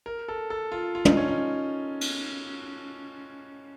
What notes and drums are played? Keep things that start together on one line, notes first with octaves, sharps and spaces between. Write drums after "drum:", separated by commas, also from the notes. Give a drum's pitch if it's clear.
A#4
A4
A4
F4
F4
D#4, drum: tom
C#4
D#4
drum: cymbal